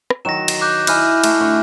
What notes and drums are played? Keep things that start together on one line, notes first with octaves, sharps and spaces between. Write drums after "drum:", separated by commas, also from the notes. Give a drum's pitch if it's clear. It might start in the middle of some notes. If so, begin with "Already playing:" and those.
drum: rim click
D#3 F#3 A#6 E7
drum: cymbal
D6 F#6 G6
E4 D#5 G#5 F6 F#6, drum: cymbal
A3, drum: cymbal
D3 F#4